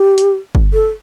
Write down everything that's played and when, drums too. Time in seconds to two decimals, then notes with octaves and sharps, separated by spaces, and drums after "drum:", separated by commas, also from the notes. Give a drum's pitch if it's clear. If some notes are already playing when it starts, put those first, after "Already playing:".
Already playing: G4
0.18 drum: hi-hat
0.55 drum: kick
0.73 A4